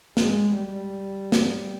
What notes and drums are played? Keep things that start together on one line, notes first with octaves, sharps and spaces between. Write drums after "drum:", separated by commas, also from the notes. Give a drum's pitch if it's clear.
G#3, drum: snare
G3
drum: snare